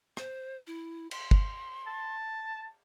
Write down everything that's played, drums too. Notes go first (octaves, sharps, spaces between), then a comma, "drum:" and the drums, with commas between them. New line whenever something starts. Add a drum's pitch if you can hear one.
C5, drum: rim click
E4
C6, drum: cymbal
drum: kick
A5